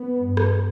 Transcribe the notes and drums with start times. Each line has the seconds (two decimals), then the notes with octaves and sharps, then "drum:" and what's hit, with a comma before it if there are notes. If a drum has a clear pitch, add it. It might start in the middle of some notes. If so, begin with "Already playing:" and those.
Already playing: B3
0.15 G2
0.37 drum: rim click